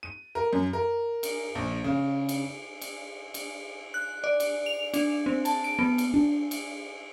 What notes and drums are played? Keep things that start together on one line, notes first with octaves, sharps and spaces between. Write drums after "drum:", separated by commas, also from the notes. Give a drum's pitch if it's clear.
D#7
A#4
F#2
A#4
drum: cymbal
A#1
C#3
drum: cymbal
drum: cymbal
drum: cymbal
F#6
D5
drum: cymbal
F7
D4, drum: cymbal
C4
A5, drum: cymbal
D7
B3
drum: cymbal
D4
drum: cymbal